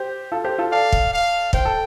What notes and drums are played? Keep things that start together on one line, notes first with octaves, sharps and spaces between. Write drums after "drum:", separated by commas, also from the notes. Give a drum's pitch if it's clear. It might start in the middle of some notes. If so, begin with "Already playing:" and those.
Already playing: G4 C5
F4 A4
G4 C5
F4 A4
A4 D5 F5
drum: kick
F5
C5 G5, drum: kick
A4